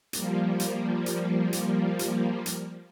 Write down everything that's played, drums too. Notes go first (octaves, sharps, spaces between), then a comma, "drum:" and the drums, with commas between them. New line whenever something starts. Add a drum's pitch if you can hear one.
F3 G3 A#3, drum: hi-hat
drum: hi-hat
drum: hi-hat
drum: hi-hat
drum: hi-hat
drum: hi-hat